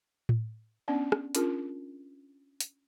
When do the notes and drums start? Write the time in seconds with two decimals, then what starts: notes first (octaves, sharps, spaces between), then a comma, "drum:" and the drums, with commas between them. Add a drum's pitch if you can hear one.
0.29 drum: tom A2
0.88 B3 C#4 D4 D5
1.12 drum: rim click
1.35 C#4 D4 F4 G#4 A#4, drum: hi-hat
2.60 drum: hi-hat